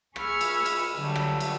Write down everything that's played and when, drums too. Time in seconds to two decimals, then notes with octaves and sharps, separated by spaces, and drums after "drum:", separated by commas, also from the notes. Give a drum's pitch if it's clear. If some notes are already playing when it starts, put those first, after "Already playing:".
0.16 G#4 B5 C#6 E6 F6 G#6, drum: rim click
0.41 drum: cymbal
0.66 drum: cymbal
0.97 D3 F#3 G3 A3
1.15 drum: rim click
1.40 drum: cymbal